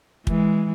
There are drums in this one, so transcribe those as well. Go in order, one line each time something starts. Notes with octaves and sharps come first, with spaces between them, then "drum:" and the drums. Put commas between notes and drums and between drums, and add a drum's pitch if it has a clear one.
E3 G#3, drum: kick